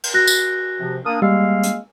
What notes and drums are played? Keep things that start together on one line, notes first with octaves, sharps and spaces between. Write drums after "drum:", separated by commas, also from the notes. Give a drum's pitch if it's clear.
drum: cymbal
F#4 F#6 A#6
drum: tambourine
C3 F3
A#3 D4 D#6 F6
G3 G#3 A#3 F5 E6
drum: hi-hat